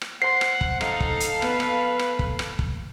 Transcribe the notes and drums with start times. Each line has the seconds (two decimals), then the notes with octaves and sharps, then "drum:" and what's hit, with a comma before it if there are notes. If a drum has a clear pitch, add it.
0.01 drum: rim click
0.22 C5 F#5 C6 C7
0.41 drum: rim click
0.61 drum: kick
0.81 D#4 A4 F5, drum: rim click
1.00 drum: kick
1.20 drum: hi-hat
1.42 B3 B4, drum: rim click
1.60 drum: rim click
1.99 drum: rim click
2.19 drum: kick
2.39 drum: rim click
2.59 drum: kick